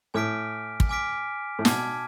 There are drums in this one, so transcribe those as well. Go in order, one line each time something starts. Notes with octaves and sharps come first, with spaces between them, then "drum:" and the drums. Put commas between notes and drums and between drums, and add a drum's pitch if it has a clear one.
A2 G#5 D6 F6 B6 D7
drum: kick
G#5 D6 F6 B6 D7
A2
B2 A5 D6 F6 G#6, drum: snare